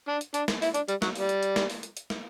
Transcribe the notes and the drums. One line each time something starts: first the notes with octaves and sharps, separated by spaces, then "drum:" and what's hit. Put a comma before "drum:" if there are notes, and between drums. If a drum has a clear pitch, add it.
D4
drum: hi-hat
D4, drum: hi-hat
drum: snare
E4, drum: open hi-hat
D4, drum: hi-hat
G3, drum: hi-hat
F#3, drum: snare
G3, drum: open hi-hat
drum: hi-hat
drum: hi-hat
drum: snare
drum: open hi-hat
drum: hi-hat
drum: hi-hat
drum: snare